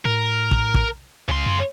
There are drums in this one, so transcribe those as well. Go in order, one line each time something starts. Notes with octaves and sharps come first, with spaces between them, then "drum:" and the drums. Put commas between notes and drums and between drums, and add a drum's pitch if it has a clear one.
A2 A#4
drum: kick
drum: kick
C#2 C#3 C6
F#2